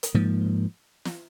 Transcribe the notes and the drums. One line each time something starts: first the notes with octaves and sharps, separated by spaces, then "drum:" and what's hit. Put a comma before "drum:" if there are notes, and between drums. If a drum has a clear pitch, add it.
drum: hi-hat
G#2 F3 A#3
drum: snare